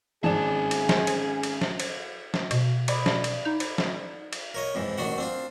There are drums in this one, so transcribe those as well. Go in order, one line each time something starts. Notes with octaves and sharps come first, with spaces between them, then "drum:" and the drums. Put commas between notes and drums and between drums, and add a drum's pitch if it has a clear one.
G#1 C#4 G#4 D5 A5 E7
drum: cymbal
drum: snare
drum: cymbal
drum: cymbal
drum: snare
drum: cymbal
drum: snare
B2, drum: cymbal
D5 D#5 B5, drum: cymbal
drum: snare
drum: cymbal
D#4
drum: cymbal
drum: snare
drum: cymbal
A#4 C#5 D#5
F2 G#2 E3
A1 D#3 D4 F#4 F#5
C4 D4 F4